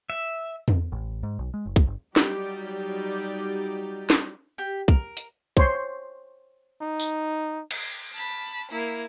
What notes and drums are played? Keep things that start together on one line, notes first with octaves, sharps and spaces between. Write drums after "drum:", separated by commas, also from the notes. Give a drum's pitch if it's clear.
E5
drum: tom E2
A1
G#2
B1
G#3
F#1
drum: kick
G1
F#3 G3 D#4 G4 D5, drum: snare
drum: snare
G4
A#4, drum: kick
drum: hi-hat
C5 C#5 C6, drum: kick
D#4
drum: tambourine
drum: cymbal
A5 B5
A#3 E4